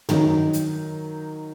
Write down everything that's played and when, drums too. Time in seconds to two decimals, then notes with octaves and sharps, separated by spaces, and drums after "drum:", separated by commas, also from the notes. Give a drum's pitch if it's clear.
0.09 D#3 F#3 D#4, drum: tom
0.53 drum: hi-hat